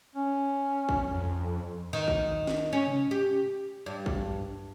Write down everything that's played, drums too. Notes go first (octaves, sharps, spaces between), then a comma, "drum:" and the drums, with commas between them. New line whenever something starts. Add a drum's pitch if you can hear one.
C#4
drum: kick
F2
D#3
drum: kick
drum: snare
C#4
drum: tom C3
G4
G2
drum: kick